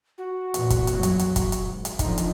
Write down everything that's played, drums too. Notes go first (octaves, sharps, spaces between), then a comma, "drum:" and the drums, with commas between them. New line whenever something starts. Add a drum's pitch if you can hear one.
F#4
E2 A#2, drum: hi-hat
drum: kick, hi-hat
A#1 F#2 F#3, drum: hi-hat
drum: hi-hat
drum: hi-hat
drum: kick, hi-hat
drum: hi-hat
G#1
drum: hi-hat
E2 D3 F3 D#4, drum: kick, hi-hat
drum: hi-hat